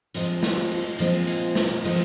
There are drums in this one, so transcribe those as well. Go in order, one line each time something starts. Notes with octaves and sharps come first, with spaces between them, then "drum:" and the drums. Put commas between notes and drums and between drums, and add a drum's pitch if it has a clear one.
A#2 F3 G#3 C4 F4, drum: hi-hat
drum: snare
drum: open hi-hat
A#2 F3 G#3 C4 F4, drum: hi-hat
drum: hi-hat
drum: snare
A#2 F3 G#3 C4 F4, drum: open hi-hat